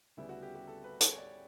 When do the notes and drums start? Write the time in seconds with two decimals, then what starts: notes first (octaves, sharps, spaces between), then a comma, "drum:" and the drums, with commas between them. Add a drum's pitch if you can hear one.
0.17 D2 C#3 G3 B3 E4
0.29 F#4
0.42 G4
0.55 G4
0.67 A4
0.84 B4
1.00 C#5, drum: hi-hat
1.18 D5